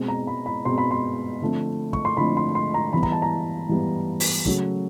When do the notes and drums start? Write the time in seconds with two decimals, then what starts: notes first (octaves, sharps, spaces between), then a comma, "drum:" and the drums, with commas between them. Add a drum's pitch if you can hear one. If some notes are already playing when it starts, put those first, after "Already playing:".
Already playing: B2 G#3 C4
0.08 A#5
0.27 B5
0.46 B5
0.65 B2 G#3 C4 C6
0.78 B5
0.91 C6
1.42 D3 F3 A3 C4
1.93 C#6, drum: kick
2.05 C6
2.17 D3 F3 A3 C4 B5
2.37 C6
2.55 C6
2.74 A#5
2.93 E3 G3 B3 B5
3.03 A#5, drum: kick
3.12 A5
3.22 A#5
3.69 E3 G3 B3
4.20 drum: open hi-hat
4.46 C#3 F#3 A3, drum: kick